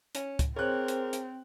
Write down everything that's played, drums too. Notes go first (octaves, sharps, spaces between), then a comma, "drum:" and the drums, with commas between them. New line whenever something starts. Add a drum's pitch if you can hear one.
C#4, drum: hi-hat
drum: kick C#2, hi-hat
C4 G#4 A#4 C5 C#5 F#6
drum: hi-hat
drum: hi-hat